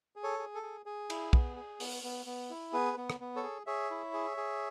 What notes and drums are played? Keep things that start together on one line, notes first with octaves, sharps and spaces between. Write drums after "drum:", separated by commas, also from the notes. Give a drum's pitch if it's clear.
G#4
A4 C#5
G#4
A4
G#4
G#4
E4, drum: cymbal
B3, drum: kick
G#4
B3, drum: open hi-hat
B3
B3
E4
B3 G#4 B4
B3
drum: rim click
B3
A4 C#5
G#4
G#4 C#5 E5
E4
G#4
G#4